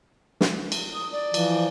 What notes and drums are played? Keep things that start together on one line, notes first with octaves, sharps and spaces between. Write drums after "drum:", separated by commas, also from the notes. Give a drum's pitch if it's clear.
drum: snare
drum: cymbal
D#6
D5
E3 F3, drum: cymbal